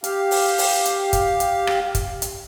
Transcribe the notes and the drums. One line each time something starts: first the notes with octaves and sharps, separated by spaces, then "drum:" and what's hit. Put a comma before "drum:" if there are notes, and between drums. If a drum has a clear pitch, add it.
G4 F5, drum: hi-hat
drum: open hi-hat
drum: open hi-hat
drum: hi-hat
drum: kick, hi-hat
drum: hi-hat
drum: rim click
drum: kick, hi-hat
drum: hi-hat